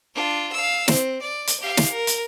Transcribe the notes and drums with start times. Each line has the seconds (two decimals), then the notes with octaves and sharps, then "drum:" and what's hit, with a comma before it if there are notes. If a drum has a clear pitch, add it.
0.14 D4 F4
0.52 F5 E6
0.88 C4, drum: snare
1.21 D5
1.47 drum: hi-hat
1.60 G4 F5
1.77 drum: snare
1.91 A#4
2.07 drum: hi-hat